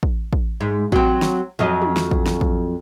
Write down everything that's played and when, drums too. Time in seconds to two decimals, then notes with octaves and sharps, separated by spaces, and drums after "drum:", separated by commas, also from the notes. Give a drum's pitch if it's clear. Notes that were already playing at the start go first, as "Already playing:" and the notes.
0.03 drum: kick
0.33 drum: kick
0.61 G#2
0.92 F#3 C4, drum: kick
1.22 drum: snare
1.59 F2 F#3 D#5
1.82 drum: tom
1.97 drum: snare
2.11 drum: kick
2.26 drum: snare
2.41 drum: kick